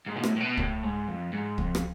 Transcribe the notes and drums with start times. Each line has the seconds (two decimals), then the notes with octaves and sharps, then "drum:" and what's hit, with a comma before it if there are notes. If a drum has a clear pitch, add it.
0.07 G#2
0.16 B2
0.24 A2, drum: rim click
0.36 A2
0.40 B2
0.57 A2, drum: kick
0.83 G#2
1.08 F2
1.33 G#2
1.58 F2, drum: kick
1.75 drum: rim click